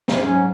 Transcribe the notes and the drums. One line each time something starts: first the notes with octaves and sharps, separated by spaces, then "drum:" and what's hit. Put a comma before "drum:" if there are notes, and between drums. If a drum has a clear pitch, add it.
drum: snare
G#2 F#3 C#4